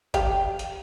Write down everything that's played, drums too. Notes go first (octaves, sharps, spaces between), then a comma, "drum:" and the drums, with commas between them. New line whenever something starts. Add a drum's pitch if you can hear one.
G4 F5, drum: kick, hi-hat
drum: hi-hat